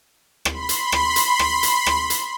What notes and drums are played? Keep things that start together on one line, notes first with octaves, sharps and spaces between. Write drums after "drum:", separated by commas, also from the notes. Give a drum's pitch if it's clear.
B5 C6, drum: rim click
drum: hi-hat
drum: rim click
drum: hi-hat
drum: rim click
drum: hi-hat
drum: rim click
drum: hi-hat